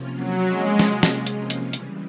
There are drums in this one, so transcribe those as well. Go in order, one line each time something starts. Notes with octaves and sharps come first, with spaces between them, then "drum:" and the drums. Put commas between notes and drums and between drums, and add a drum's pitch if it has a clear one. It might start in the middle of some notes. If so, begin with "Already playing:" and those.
Already playing: C3 F3 A#3 C#4 F4
F#3
G#3
drum: snare
drum: snare
drum: hi-hat
drum: hi-hat
C#3 E3 G3, drum: hi-hat